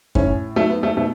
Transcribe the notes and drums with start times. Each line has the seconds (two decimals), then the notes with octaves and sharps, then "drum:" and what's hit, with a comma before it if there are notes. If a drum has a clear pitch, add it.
0.15 A2 C#4, drum: kick F#2
0.56 F#3 A3
0.70 B3
0.83 A3
0.97 B2 A3